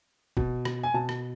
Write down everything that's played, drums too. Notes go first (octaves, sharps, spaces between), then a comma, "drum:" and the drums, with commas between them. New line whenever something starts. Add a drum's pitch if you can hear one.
B2, drum: kick G1
drum: rim click
G#5
B2 A5
drum: rim click